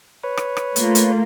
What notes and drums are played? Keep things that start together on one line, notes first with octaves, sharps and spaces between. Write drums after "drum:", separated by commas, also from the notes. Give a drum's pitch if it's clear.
B4 C#5
drum: rim click
drum: rim click
A3 A#3 F4, drum: hi-hat
drum: hi-hat